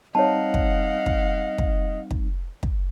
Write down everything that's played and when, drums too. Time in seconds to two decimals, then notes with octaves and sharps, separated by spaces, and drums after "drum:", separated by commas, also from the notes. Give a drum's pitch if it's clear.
0.15 G3 C4 D#4 C#5 D#5 F5 F#5 A5
0.54 drum: kick
1.06 drum: kick
1.58 drum: kick
2.11 drum: kick
2.63 drum: kick